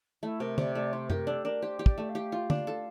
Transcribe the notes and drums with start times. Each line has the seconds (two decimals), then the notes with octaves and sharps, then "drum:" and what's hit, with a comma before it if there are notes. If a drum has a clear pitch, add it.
0.22 A3 E4
0.40 C3 A#4
0.58 C3 D5, drum: tom
0.75 A3 D5
0.92 G4 C5
1.10 G4 A#4, drum: tom F#2
1.27 D4 A4
1.45 D4 A#4
1.62 G4 C5
1.79 G4
1.86 D5, drum: kick
1.98 A3
2.09 F5
2.15 G4
2.32 F4
2.50 D4, drum: tom
2.67 A4